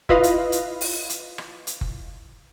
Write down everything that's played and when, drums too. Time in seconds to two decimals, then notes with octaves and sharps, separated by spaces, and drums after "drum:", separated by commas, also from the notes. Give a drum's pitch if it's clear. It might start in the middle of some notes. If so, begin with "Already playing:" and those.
0.09 E4 F4 B4 D#5 F5, drum: kick F#1
0.23 drum: hi-hat
0.52 drum: hi-hat
0.81 drum: open hi-hat
1.09 drum: hi-hat
1.38 drum: rim click
1.67 drum: hi-hat
1.81 drum: kick F#1